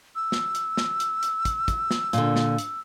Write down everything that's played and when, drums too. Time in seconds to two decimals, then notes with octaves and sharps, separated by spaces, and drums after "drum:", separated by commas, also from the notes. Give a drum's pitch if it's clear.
0.16 E6
0.32 drum: snare
0.55 drum: hi-hat
0.77 drum: snare
1.00 drum: hi-hat
1.23 drum: hi-hat
1.45 drum: kick, hi-hat
1.68 drum: kick, hi-hat
1.91 drum: snare
2.13 A#2 D3, drum: hi-hat
2.36 drum: snare
2.59 drum: hi-hat